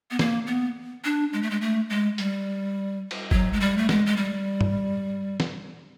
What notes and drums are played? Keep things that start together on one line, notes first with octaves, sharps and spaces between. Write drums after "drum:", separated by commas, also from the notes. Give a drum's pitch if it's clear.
B3
A#3, drum: snare
B3
D4
G#3
A3
G#3
A3
G#3
G3, drum: hi-hat
drum: cymbal
F#3, drum: kick
G#3
G3
A3
G#3, drum: snare
G#3
G3
drum: tom G2
drum: snare